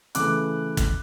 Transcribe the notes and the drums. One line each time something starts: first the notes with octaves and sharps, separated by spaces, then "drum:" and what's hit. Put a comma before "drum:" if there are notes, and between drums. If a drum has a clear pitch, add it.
C#3 E3 A3 D6 F#6, drum: hi-hat
drum: kick, hi-hat